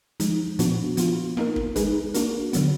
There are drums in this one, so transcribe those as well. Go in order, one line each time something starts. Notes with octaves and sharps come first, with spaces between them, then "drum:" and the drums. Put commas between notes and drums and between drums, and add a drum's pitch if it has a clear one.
F3 G#3 D#4, drum: hi-hat
A#2 F3 B3 D4 F#4, drum: hi-hat
F3 B3 F4, drum: hi-hat
A#3 D#4 A#4, drum: rim click
drum: kick
G#3 D#4 G#4 B4, drum: kick, hi-hat
A#3 D4 F#4 A#4, drum: hi-hat
D3 F#3 B3, drum: hi-hat